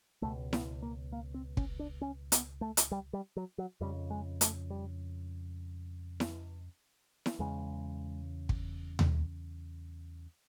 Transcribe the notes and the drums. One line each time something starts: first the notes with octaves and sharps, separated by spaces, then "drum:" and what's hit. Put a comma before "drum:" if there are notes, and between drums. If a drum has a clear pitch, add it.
C#2 B2 A3
B3, drum: snare E4
A#3
A#3
C4
C#4, drum: kick
D4
C#4
B3, drum: hi-hat
A3
drum: hi-hat
G3
G3
F#3
F#3
F2 C#3 G3
G#3
A3, drum: hi-hat
G3
drum: snare E4
drum: snare E4
E2 C#3 G#3
drum: kick
drum: tom D#2